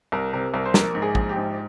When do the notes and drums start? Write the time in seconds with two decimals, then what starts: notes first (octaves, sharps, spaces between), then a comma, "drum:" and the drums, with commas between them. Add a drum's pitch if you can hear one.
0.12 C2 A#4
0.33 C3 A#4
0.54 C2 A#4
0.66 C5
0.74 A#1 A#4, drum: snare
0.95 G#2
1.02 G#4
1.15 A#1, drum: kick
1.29 G4
1.36 G#2